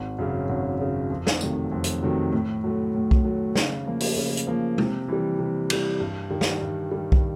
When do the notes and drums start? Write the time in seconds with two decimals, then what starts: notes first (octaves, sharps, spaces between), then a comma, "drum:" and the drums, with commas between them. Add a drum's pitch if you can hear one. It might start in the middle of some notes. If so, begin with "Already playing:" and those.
Already playing: G#1
0.19 F#2 C#3
0.49 G#1
0.80 F#2 C#3
1.10 F2
1.27 drum: snare
1.41 C3 D#3 F#3 A3, drum: tambourine
1.72 F2
1.84 drum: hi-hat
2.03 C3 D#3 F#3 A3
2.32 A2
2.64 F#3 A3
2.95 A2
3.11 drum: kick B1
3.24 F#3 A3
3.56 C#3, drum: snare
3.86 F3 A#3
4.00 drum: open hi-hat
4.17 C#3
4.37 drum: hi-hat
4.47 F3 A#3
4.78 C3, drum: tom G#3
5.08 E3 G3
5.39 C3
5.70 E3 G3, drum: cymbal
6.00 G2
6.31 D#3 G3
6.41 drum: snare
6.61 G2
6.91 D#3 G3
7.12 drum: kick B1